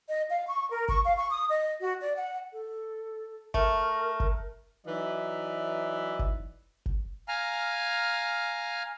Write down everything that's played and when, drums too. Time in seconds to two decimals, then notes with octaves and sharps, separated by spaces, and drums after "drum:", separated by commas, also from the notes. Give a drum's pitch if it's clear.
0.10 D#5
0.30 F5
0.48 C#6
0.71 A#4
0.88 C#6, drum: kick F#1
1.05 F5
1.17 C#6
1.30 D#6
1.50 D#5
1.82 F#4
2.00 D5
2.15 F#5
2.52 A4
3.54 A3 A#4, drum: kick F#1
4.20 drum: kick F#1
4.86 E3 F#3 D#4 B4 D5 E5
6.19 drum: kick F#1
6.86 drum: kick F#1
7.28 F5 G#5 A#5 F6